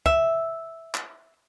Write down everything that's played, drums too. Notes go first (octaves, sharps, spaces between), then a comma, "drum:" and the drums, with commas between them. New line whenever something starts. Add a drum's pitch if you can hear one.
E5, drum: kick
drum: clap